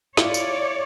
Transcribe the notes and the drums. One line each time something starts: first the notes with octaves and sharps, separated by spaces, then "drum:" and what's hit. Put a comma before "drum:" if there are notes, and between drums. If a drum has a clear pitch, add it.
E4 F4 C#5 D5, drum: snare
drum: tambourine